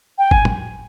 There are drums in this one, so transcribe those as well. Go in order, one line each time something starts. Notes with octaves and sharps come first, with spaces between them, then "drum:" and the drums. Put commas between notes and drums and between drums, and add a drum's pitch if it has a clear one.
G5
G#5, drum: kick G1
drum: tom A2